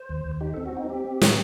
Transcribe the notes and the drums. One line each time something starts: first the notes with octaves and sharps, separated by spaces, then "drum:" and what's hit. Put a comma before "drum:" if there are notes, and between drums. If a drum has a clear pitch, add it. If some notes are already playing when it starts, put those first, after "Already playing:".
Already playing: C5
D#2
D#2
D#4 G4
C4 A4
F#4
C4 D#4
C4 G4
C4
A2, drum: snare